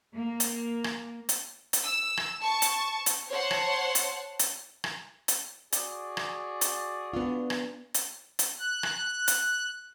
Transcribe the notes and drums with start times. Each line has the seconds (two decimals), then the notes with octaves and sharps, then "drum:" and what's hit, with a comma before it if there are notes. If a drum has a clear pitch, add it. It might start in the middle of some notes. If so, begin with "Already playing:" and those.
0.16 A#3
0.40 drum: hi-hat
0.84 drum: rim click
1.29 drum: hi-hat
1.73 drum: hi-hat
1.83 E6
2.17 drum: rim click
2.41 A5 C#6
2.62 drum: hi-hat
3.06 drum: hi-hat
3.29 C5 C#5 F#5 A5 C6
3.51 drum: rim click
3.95 drum: hi-hat
4.39 drum: hi-hat
4.84 drum: rim click
5.28 drum: hi-hat
5.72 F#4 G#4 D5, drum: hi-hat
6.17 drum: rim click
6.61 drum: hi-hat
7.13 B3 D4 F4
7.50 drum: rim click
7.94 drum: hi-hat
8.39 drum: hi-hat
8.59 F#6
8.83 drum: rim click
9.28 drum: hi-hat